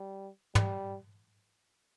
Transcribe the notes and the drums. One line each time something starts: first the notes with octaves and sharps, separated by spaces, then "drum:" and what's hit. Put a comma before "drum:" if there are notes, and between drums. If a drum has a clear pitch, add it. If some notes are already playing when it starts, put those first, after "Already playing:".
Already playing: G3
G3, drum: tom